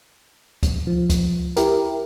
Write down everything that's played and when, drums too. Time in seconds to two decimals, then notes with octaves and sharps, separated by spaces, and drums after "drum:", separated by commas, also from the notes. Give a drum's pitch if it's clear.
0.63 drum: kick C#2, hi-hat
0.87 F3
1.10 drum: kick C#2, hi-hat
1.56 E4 G4 A#4, drum: hi-hat